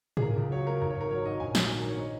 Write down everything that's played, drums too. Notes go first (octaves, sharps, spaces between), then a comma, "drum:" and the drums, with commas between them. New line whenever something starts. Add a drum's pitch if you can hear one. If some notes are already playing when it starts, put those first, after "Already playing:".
G#4, drum: tom G#2
C#2 A#4
C#2
F#3 C#5
C#3 A#4
G#1 A#4
C#5
G#1 A#4
F#3 C#5
G#2 D#5
A#1 G#5
F#3, drum: snare
D#3 G#5
A#4
G#2 C#5
D#5